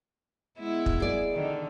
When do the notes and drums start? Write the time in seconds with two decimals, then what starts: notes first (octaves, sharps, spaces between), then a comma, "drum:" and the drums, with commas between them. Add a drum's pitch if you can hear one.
0.59 G#3 B3 E4
0.86 drum: kick
1.00 G#4 D5
1.32 D3 D#3